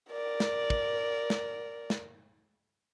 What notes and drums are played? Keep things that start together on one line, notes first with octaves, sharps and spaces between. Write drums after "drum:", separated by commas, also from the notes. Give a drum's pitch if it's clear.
A#4 D5
drum: snare
drum: kick
drum: snare
drum: snare